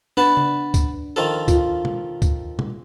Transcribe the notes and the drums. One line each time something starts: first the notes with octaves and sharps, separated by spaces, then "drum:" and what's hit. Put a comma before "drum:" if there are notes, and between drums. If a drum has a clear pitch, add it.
B3 D4 B4 A5
drum: tom C#3
drum: kick, tambourine
D#3 F3 A4
F4, drum: kick, tambourine
drum: tom
drum: kick, tambourine
drum: tom